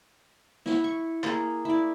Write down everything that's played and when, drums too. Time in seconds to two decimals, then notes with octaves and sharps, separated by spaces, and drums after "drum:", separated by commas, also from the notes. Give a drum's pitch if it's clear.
0.66 E4, drum: snare
0.84 C#6
1.23 A#3 G#4, drum: clap
1.65 E4 D5